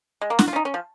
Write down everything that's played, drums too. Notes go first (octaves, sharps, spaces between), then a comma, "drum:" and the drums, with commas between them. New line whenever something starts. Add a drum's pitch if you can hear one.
G#3
A#3
F#4, drum: snare
F4
C#4
D#4
C#4
F3